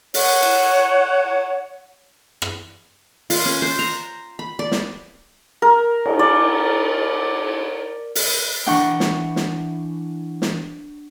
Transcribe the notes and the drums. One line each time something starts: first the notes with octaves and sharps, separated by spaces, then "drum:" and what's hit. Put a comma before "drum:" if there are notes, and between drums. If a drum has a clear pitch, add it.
C#5 F#5, drum: open hi-hat
drum: cymbal
drum: rim click
F4, drum: open hi-hat
C#4
C5
A#5
B5
D5
drum: snare
A#4
drum: cymbal
D5
drum: open hi-hat
E3 D4 F#5 G5 C#6
drum: snare
drum: snare
drum: snare